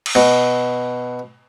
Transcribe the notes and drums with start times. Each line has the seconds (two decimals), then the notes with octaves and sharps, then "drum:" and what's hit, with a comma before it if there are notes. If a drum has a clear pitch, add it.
0.06 drum: cymbal
0.15 B2